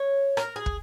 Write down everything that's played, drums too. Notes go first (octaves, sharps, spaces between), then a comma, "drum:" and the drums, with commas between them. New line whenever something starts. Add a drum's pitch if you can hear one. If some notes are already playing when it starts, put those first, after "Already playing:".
Already playing: C#5
A#4, drum: rim click
G#4
drum: kick